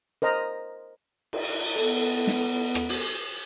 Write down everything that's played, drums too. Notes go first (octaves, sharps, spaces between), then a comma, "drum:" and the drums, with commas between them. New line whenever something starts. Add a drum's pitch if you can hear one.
A#4 C5 D#5 A#5
drum: cymbal
B3 A4
drum: snare
drum: rim click
drum: open hi-hat